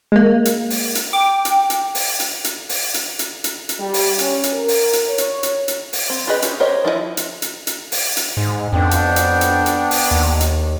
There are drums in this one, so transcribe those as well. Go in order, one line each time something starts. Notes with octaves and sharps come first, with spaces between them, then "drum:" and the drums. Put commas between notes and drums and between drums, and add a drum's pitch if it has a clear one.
G#3 A#3
drum: hi-hat
drum: open hi-hat
drum: hi-hat
G5 D6
drum: hi-hat
drum: hi-hat
drum: open hi-hat
drum: hi-hat
drum: hi-hat
drum: open hi-hat
drum: hi-hat
drum: hi-hat
drum: hi-hat
drum: hi-hat
G3
drum: open hi-hat
C#4, drum: hi-hat
drum: hi-hat
A#4
drum: open hi-hat
drum: hi-hat
C#5
drum: hi-hat
drum: hi-hat
drum: hi-hat
drum: open hi-hat
C4
F4 G4 G#4 B4 D#5
C#4 G4, drum: hi-hat
G4 A#4 C5 C#5 D#5
F3 E4 A4 D#5
drum: hi-hat
drum: hi-hat
drum: hi-hat
drum: open hi-hat
drum: hi-hat
G#2
F2 B3 D4 G5
drum: hi-hat
drum: hi-hat
drum: hi-hat
drum: hi-hat
drum: open hi-hat
D#2
drum: hi-hat